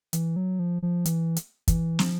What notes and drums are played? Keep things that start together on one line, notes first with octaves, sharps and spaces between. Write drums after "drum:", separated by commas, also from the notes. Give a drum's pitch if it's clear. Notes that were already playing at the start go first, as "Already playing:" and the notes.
E3, drum: hi-hat
F#3
F3
F3
E3, drum: hi-hat
drum: hi-hat
E3, drum: kick, hi-hat
F3, drum: snare